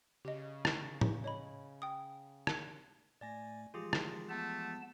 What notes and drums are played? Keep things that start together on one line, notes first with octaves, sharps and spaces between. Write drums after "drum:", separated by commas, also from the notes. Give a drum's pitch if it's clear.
C#3 G4 D#5
drum: rim click
drum: tom A2
C#5 D#5 B5
G5 D#6
drum: rim click
A2 A3 D5 G#5 A#6
E3 F3 G#3 F4 G4 G#4
drum: rim click
A3 B3 A5